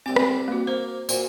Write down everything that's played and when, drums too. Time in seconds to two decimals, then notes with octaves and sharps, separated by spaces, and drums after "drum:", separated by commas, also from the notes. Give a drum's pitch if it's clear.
0.06 C2 C4 G4 D6
0.16 drum: rim click
0.48 A#3 F#4
0.67 A#3 C5
1.09 A#2 F#4 C5 G#5, drum: tambourine